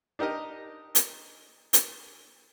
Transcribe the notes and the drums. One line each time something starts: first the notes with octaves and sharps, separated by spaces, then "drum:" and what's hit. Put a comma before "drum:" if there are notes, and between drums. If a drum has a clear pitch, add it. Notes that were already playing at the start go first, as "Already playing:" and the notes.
D4 D#4 G4 A#4 D#5
drum: hi-hat
drum: hi-hat